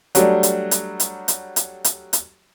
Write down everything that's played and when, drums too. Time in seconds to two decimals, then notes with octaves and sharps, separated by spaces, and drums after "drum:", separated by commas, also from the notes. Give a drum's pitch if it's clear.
0.15 F#3 G3 A3 D4, drum: hi-hat
0.43 drum: hi-hat
0.71 drum: hi-hat
1.00 drum: hi-hat
1.28 drum: hi-hat
1.56 drum: hi-hat
1.84 drum: hi-hat
2.13 drum: hi-hat